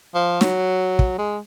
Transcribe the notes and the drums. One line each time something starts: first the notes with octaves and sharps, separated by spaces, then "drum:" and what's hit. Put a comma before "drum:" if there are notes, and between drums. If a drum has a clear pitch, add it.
F3
F#3, drum: snare
drum: kick
G#3